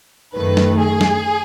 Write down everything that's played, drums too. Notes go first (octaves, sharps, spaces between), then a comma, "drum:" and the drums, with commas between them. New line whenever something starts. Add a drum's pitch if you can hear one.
F#2 D#3 A3 B4
drum: snare
G#4
drum: snare